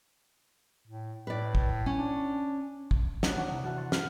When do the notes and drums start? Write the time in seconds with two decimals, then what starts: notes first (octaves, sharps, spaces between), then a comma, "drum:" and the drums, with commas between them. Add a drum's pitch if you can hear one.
0.87 A2
1.27 A2 B4 D5
1.55 drum: kick
1.86 C#4
1.99 D4
2.91 drum: kick
3.23 D#2 B3 D4 F#4 D#6 F#6, drum: snare
3.36 D4 F#5 C#6
3.50 C3 E4
3.63 E3 F#4 A4 F#6
3.76 C6 C#6 A6
3.92 F6, drum: snare